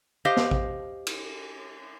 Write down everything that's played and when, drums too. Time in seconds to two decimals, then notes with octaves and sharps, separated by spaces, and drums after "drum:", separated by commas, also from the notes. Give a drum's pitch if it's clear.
0.25 G4 C5 D#5 F5
0.36 drum: snare
0.51 drum: kick A1
1.07 drum: cymbal